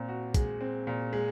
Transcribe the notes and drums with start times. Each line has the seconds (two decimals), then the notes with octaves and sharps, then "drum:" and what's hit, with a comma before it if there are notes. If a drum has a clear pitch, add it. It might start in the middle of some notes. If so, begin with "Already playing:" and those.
Already playing: A#2 C4
0.09 F#4
0.34 G#3, drum: kick, hi-hat
0.61 C4
0.87 A#2
1.13 G#3